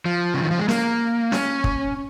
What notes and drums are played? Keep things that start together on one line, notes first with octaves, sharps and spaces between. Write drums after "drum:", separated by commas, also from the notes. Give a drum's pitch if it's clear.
F3
C#3
D#3
F3
G#3
A#3, drum: snare
C#4, drum: snare
drum: kick